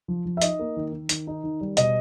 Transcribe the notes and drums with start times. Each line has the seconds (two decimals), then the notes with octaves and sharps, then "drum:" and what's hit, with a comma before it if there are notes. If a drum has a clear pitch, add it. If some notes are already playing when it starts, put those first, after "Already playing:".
0.08 F3
0.26 F3
0.37 E5
0.42 D#4 D#5, drum: hi-hat
0.59 A#3
0.77 D#3
0.92 D#3
1.09 D#3, drum: hi-hat
1.27 D#4
1.44 D#3
1.61 G3
1.77 B2 D#5, drum: hi-hat